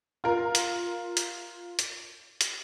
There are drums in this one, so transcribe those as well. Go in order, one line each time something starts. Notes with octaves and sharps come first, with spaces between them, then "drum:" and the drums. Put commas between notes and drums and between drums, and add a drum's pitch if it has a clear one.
F4 A#4
drum: hi-hat
drum: hi-hat
drum: hi-hat
drum: hi-hat